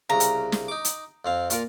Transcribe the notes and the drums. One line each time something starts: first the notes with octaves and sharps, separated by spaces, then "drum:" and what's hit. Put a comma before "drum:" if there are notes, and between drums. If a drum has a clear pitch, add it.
C2 C#3 A#5
drum: hi-hat
drum: snare
D#4 D6
drum: hi-hat
F2 C4 F5
A#2 F4 A#4, drum: hi-hat